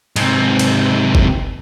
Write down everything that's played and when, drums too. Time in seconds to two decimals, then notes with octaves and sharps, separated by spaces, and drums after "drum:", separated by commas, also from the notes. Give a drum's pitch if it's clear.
0.16 G#2 C3, drum: cymbal
0.59 drum: cymbal
1.15 drum: kick